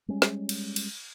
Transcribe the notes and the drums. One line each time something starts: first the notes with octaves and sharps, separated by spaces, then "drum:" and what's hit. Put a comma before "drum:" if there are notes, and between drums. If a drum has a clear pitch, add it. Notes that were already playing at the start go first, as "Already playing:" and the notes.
G3 G#3 C#4
drum: snare
drum: cymbal
drum: cymbal